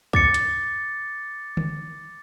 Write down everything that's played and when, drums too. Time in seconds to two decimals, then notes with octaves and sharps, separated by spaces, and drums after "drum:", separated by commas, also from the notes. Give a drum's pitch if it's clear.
0.13 D6 A6 C#7, drum: kick
0.34 drum: hi-hat
1.57 drum: tom D3